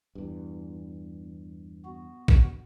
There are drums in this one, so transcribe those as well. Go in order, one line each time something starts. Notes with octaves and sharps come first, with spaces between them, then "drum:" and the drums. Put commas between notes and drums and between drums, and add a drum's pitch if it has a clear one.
E2 G2
B3 F#4
drum: kick A1